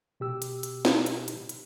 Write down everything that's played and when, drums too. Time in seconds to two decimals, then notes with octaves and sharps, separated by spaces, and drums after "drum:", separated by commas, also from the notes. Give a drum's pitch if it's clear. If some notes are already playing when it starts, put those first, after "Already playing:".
0.20 B2 G4 E6
0.42 drum: hi-hat
0.63 drum: hi-hat
0.85 drum: snare
1.06 drum: hi-hat
1.28 drum: hi-hat
1.49 drum: hi-hat